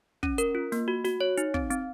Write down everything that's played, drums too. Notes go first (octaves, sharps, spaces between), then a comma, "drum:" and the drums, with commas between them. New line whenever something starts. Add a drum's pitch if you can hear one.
C#4, drum: kick
A#4, drum: hi-hat
F4
A#3, drum: snare
F#4
F#4, drum: snare
C#5
D#4, drum: hi-hat
C4, drum: kick
C4, drum: hi-hat